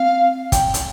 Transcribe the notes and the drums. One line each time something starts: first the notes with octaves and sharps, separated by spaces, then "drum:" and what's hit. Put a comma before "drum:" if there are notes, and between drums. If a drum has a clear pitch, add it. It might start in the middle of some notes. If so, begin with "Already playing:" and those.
Already playing: C4 F5
G5, drum: kick, hi-hat
drum: hi-hat